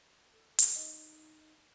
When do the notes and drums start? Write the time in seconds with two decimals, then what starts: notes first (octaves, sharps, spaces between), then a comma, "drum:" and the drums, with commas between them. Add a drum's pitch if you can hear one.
0.32 A4
0.59 drum: hi-hat
0.76 D#4 D#5